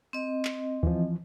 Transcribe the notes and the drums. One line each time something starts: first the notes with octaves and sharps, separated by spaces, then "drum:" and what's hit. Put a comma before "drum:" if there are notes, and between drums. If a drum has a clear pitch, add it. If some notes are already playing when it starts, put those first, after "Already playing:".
C4 D#5
drum: clap
E3 F3, drum: kick